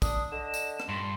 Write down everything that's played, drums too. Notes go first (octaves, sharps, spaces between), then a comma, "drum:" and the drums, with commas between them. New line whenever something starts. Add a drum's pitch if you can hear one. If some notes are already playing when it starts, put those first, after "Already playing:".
D4 D#6, drum: kick, tambourine
D3 D5 D#5 E7
drum: tambourine
drum: rim click
G2 A#2 C6